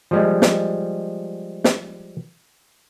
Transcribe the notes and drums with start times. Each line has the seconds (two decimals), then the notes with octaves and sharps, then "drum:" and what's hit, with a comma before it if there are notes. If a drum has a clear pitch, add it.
0.11 F3 G3 G#3
0.42 drum: snare
1.64 drum: snare